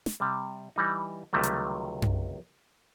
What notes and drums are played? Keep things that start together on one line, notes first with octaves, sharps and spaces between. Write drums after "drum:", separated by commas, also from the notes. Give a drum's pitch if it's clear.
drum: snare
C3 G3
E3 G3 D#4
C#2 C3 D#3 F#3 G3 A3
drum: hi-hat
drum: tom F#2